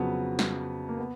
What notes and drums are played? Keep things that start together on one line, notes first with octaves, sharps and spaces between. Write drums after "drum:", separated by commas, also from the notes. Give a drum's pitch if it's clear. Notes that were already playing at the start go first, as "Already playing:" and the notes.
Already playing: F2 C#3 F#3 B3
drum: snare
A#3
B3